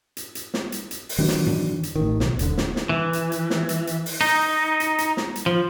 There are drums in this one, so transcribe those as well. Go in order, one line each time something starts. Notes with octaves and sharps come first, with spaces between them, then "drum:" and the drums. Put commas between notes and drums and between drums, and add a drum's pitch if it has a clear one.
drum: hi-hat
drum: hi-hat
drum: snare
drum: hi-hat
drum: hi-hat
drum: open hi-hat
D#3 E3 F#3 D4
drum: snare
drum: tom F#2
drum: hi-hat
A1 D#3
B1, drum: snare
D#1 D3, drum: hi-hat
drum: snare
drum: snare
E3
drum: hi-hat
drum: hi-hat
drum: snare
drum: hi-hat
drum: hi-hat
drum: open hi-hat
D#4
drum: hi-hat
drum: hi-hat
drum: snare
drum: hi-hat
F3